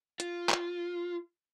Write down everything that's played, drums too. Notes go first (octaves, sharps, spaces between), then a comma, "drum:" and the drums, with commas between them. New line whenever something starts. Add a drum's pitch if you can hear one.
F4, drum: hi-hat
drum: clap